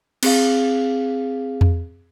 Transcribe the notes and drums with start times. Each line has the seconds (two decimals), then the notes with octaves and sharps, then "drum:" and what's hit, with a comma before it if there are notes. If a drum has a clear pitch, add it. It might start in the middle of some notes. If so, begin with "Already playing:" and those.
0.23 C4 G#4 F5, drum: cymbal
1.61 drum: tom E2